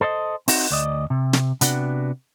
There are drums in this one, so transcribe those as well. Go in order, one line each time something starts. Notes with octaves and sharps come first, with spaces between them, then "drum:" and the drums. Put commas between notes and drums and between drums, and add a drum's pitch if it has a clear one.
A4 C5 D5 D#5
C4 D#4 F#4, drum: open hi-hat
D2 D5 D#5
C3
drum: snare
C3 B3 D4 F#4, drum: hi-hat